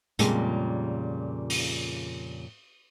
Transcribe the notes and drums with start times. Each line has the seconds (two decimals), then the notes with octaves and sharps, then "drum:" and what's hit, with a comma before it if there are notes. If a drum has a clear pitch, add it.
0.19 F2 A#2 C#3 G3 G#3, drum: hi-hat
1.50 drum: open hi-hat